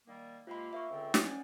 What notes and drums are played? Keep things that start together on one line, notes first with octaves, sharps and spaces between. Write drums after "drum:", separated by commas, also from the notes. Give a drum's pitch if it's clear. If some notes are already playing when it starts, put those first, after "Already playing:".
D#3 G3 A#3
C3 G#3 A#3 F4 B5
A#3 E5 C#6
C#2 D3 C4
drum: snare
C#4 D#4 D5 F#5 G#5